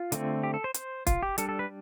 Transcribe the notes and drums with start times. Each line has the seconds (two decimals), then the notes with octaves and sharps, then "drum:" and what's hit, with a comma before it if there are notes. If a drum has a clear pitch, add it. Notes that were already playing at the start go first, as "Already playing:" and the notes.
Already playing: F4
0.12 D3 A3 C4, drum: hi-hat
0.44 G4
0.54 A4
0.64 C5
0.74 C5, drum: hi-hat
1.07 F4, drum: kick, hi-hat
1.23 G4
1.38 G3 D4 A4, drum: hi-hat
1.49 A4
1.59 B4